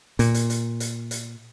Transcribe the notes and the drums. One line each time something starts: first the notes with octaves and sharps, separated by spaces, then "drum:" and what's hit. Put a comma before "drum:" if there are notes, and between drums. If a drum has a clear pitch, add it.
A#2, drum: hi-hat
drum: hi-hat
drum: hi-hat
drum: hi-hat
drum: hi-hat